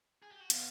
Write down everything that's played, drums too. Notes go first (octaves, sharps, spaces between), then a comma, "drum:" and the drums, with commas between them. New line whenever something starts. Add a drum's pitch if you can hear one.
G#4
G4
F#4
B2 F4, drum: hi-hat